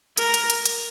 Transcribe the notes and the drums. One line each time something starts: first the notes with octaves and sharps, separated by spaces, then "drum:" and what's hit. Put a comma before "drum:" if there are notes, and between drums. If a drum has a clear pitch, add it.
A#4, drum: hi-hat
drum: hi-hat
drum: hi-hat
drum: hi-hat